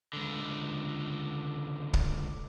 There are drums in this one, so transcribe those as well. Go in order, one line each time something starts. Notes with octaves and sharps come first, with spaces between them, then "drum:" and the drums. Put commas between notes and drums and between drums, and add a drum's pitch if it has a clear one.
C#2 D3
drum: kick